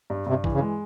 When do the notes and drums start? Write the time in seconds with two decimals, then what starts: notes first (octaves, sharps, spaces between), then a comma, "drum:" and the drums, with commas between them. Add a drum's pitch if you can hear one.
0.10 G2
0.26 G2 C3
0.44 E3, drum: kick A#1
0.52 C#3
0.61 G#3